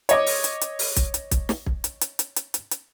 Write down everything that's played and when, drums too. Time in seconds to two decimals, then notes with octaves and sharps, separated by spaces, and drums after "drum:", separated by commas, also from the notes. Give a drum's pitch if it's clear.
0.09 C#5 D#5 D6, drum: hi-hat
0.26 drum: open hi-hat
0.44 drum: hi-hat
0.61 drum: hi-hat
0.79 drum: open hi-hat
0.96 drum: kick, hi-hat
1.14 drum: hi-hat
1.31 drum: kick, hi-hat
1.49 drum: snare
1.66 drum: kick
1.84 drum: hi-hat
2.01 drum: hi-hat
2.19 drum: hi-hat
2.36 drum: hi-hat
2.54 drum: hi-hat
2.71 drum: hi-hat